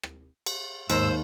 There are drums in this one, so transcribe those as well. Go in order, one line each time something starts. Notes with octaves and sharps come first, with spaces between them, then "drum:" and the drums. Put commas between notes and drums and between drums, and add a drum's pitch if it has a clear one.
drum: rim click
drum: cymbal
D#2 G#2 C5 E6, drum: cymbal